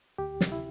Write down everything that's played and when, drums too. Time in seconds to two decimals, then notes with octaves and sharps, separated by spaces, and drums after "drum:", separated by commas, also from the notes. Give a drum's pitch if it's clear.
0.18 D2 G4
0.41 C3, drum: snare
0.52 E4